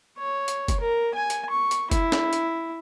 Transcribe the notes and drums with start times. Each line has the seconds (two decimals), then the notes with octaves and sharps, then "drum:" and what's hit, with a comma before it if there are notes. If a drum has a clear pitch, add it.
0.18 C#5
0.48 drum: hi-hat
0.68 drum: kick, hi-hat
0.80 A#4
1.15 G#5
1.30 drum: hi-hat
1.51 C#6
1.71 drum: hi-hat
1.91 E4, drum: kick, hi-hat
2.12 drum: snare
2.33 drum: hi-hat